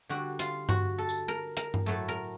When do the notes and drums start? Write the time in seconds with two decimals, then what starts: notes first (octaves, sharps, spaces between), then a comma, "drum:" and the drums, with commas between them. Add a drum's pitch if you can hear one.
0.09 D3 G3 F#4
0.39 F4, drum: hi-hat
0.69 F#4, drum: tom G2
0.98 A4
1.09 drum: tambourine
1.28 A#4
1.57 A#4, drum: hi-hat
1.74 drum: tom G2
1.86 A2 F#3 A3 A4
2.08 A#4